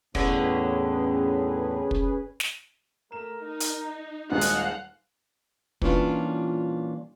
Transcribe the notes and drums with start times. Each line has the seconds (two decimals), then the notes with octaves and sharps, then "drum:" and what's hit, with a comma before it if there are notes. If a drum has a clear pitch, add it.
0.15 E2 A2 D3 C#4 G#4 B4, drum: kick
1.91 drum: kick
2.40 drum: snare
3.12 A3 A#4 E7
3.44 D#4
3.60 drum: hi-hat
4.32 D#1 G#3 D#4 C5 D#5 F5 F#5
4.41 drum: hi-hat
5.82 A#2 E3 G3 C#4 D4 F4, drum: kick